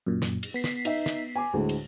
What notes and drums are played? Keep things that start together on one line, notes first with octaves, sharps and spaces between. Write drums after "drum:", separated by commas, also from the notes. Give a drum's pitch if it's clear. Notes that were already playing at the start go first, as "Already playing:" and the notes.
F#2 A#2
drum: snare
drum: cymbal
B3 B6 C7
drum: snare
D#4 E5, drum: cymbal
drum: snare
G#5 D6
D2 A2 G#3
drum: cymbal